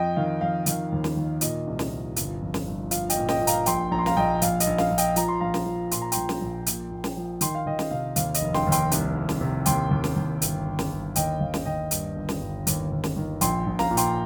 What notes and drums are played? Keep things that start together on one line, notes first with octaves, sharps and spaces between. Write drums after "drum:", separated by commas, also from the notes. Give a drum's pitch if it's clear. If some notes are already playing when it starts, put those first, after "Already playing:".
Already playing: F2 D#5 G5
D#3 F5
F2 F5
D#3 F5, drum: hi-hat
D#2
drum: snare
D#3
A#2 D#5, drum: hi-hat
C2
drum: snare
F3
G1, drum: hi-hat
F2
drum: snare
G1
F3 F5, drum: hi-hat
D#5 G5, drum: hi-hat
A#2
D#5 G5, drum: snare
A#2
F5 A#5, drum: hi-hat
A#1 G5 C6, drum: hi-hat
A#1 A#5
C6
F5 A#5, drum: snare
A#1 D#5 G5
A#1 F5, drum: hi-hat
D#5, drum: hi-hat
A#1
F5, drum: snare
A#1
D#5 G5, drum: hi-hat
F3 A#5, drum: hi-hat
C6
A#1 F5 A#5
drum: snare
F3
A#2 C6, drum: hi-hat
A#5
A#1 G5 C6, drum: hi-hat
drum: snare
A#1
A#2, drum: hi-hat
A#2
drum: snare
F3
D#3 G5 C6, drum: hi-hat
F5
D#3 D#5 G5
drum: snare
C3 F5
D#2 F5, drum: hi-hat
D#5, drum: hi-hat
F1
G5 C6, drum: snare
D#2
G5 C6, drum: hi-hat
C2, drum: hi-hat
C2
drum: snare
C3
D#2 G5 C6, drum: hi-hat
D#2
drum: snare
D#2
G1, drum: hi-hat
G1
drum: snare
G1
D#2 D#5 G5, drum: hi-hat
D#2 F5
drum: snare
D#2 D#5 G5
G2, drum: hi-hat
G1
drum: snare
G1
D#2, drum: hi-hat
D#2
drum: snare
D#3
A#1 G5 C6, drum: hi-hat
A#1
F5 A#5, drum: snare
A#2
G5 C6, drum: hi-hat